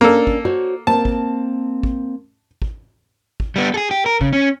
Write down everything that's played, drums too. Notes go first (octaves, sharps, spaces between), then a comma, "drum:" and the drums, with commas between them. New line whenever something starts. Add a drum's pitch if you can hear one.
A#3 C#4 D4 A4 A#4
drum: kick
F#4 C5 C#5
A#3 C4 A5
drum: kick
drum: kick
drum: kick
drum: kick
G3 B3
G#4 A4
G4
A#4
C#3, drum: kick
C#4